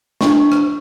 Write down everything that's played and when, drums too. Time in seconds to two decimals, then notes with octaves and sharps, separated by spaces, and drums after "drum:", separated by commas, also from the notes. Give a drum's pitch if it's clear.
0.21 D4 C#6, drum: snare
0.52 drum: rim click